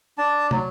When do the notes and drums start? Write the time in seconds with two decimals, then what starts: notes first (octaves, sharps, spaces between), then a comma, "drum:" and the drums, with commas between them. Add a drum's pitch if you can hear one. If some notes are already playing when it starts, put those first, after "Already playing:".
0.18 D4 A5
0.51 F#3, drum: tom